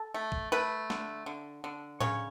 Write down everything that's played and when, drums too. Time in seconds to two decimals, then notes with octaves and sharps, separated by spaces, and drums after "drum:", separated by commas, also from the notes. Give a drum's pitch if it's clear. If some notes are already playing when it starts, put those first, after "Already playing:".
Already playing: A4
0.14 A3
0.32 drum: kick
0.52 A3 B4
0.90 D3, drum: snare
1.26 D3
1.64 D3
2.01 C#3 C#5, drum: tom A2